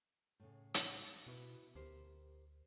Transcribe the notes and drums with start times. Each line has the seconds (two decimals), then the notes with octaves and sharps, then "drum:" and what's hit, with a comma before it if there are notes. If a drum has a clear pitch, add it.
0.40 A2 C#3
0.74 drum: hi-hat
1.27 B2 B3 E4 F#4
1.75 D2 G4 A#4 C5